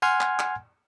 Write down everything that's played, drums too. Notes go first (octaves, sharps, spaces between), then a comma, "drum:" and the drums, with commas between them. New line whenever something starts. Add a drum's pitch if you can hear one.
F#5 G#5 C6 F6 G#6, drum: tambourine
drum: clap
drum: clap